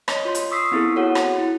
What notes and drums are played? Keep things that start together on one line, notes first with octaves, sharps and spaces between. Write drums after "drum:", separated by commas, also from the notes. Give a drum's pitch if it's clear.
C#5 D#5, drum: rim click
F4 C6
drum: hi-hat
C#6 D#6 E6 B6 C7
B3 C4 E4 G#4 A4
F#4 A4 C#5 F#5
drum: rim click
E4